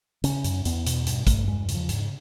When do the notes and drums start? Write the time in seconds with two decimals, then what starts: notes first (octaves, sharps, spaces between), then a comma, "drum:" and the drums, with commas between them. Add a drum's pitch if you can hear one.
0.24 C#3 C#4, drum: hi-hat
0.44 F#2, drum: hi-hat
0.65 E2 B3, drum: hi-hat
0.86 B2, drum: hi-hat
1.06 G2, drum: hi-hat
1.27 G2 A3, drum: kick G#1, hi-hat
1.47 E2 G#3
1.68 C#3, drum: hi-hat
1.75 F3
1.89 G#2, drum: hi-hat